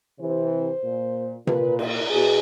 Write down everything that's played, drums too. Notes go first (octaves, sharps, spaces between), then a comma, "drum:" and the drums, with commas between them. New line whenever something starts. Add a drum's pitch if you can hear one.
C3 E3 C5
A#2
A#2 B4, drum: tom C3
A#4, drum: cymbal
B2 G#4